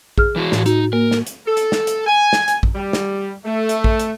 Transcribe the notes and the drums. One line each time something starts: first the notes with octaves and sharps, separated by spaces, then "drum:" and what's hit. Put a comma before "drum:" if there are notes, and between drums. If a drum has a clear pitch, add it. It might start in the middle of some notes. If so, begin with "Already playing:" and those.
G#4 F6, drum: kick A1
E3 E4 F#4
A2, drum: snare
D#4 F#4, drum: hi-hat
A#3 A#4
drum: snare
drum: hi-hat
A4
drum: hi-hat
drum: snare
drum: hi-hat
G#5
drum: snare
drum: hi-hat
drum: kick A1
G3
drum: snare
A3
drum: hi-hat
drum: kick A1
drum: hi-hat